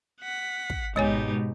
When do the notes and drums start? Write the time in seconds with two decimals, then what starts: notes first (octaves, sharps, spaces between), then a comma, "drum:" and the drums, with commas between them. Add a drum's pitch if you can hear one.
0.21 F#5 B6
0.70 drum: kick
0.96 G#2 B2 G#3 D#4 G4 C#5 G#5, drum: kick